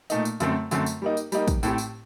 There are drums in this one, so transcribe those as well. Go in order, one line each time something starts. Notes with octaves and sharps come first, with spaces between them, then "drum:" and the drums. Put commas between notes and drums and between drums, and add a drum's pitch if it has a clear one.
A#2 A3 D#4, drum: tambourine
drum: tambourine
F#2 D3 A3 C4, drum: tambourine
F#2 D3 A3 C4, drum: tambourine
drum: tambourine
G3 A#3 D#4
drum: tambourine
G3 A#3 D#4, drum: tambourine
drum: kick, tambourine
A2 A3 C4 G4, drum: tambourine
drum: tambourine